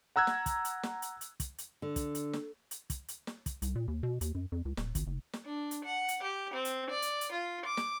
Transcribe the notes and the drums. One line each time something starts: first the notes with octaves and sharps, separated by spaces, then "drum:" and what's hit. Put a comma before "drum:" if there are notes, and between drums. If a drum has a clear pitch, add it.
F#5 A#5 E6 F#6 G#6
drum: snare
drum: kick, hi-hat
drum: hi-hat
drum: snare
drum: hi-hat
drum: hi-hat
drum: kick, hi-hat
drum: hi-hat
D3
drum: kick, hi-hat
drum: hi-hat
drum: snare
drum: hi-hat
drum: kick, hi-hat
drum: hi-hat
drum: snare
drum: kick, hi-hat
C2, drum: hi-hat
A#2
D#2
B2
D#2, drum: hi-hat
F#2
F2
C#2
D#1, drum: snare
G#1, drum: kick, hi-hat
F#1
drum: snare
D4
drum: hi-hat
F#5
drum: hi-hat
G4
C4
drum: hi-hat
D5
drum: hi-hat
drum: hi-hat
F4
D6
drum: snare